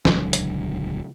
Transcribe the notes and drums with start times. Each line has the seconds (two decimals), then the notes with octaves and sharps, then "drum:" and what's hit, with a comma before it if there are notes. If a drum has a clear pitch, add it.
0.05 D#1 C#2 D3 F#3, drum: snare
0.33 drum: hi-hat